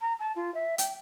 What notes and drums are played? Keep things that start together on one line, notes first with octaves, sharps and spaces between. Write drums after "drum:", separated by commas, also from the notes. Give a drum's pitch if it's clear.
A#5
A5
F4
E5
G5, drum: hi-hat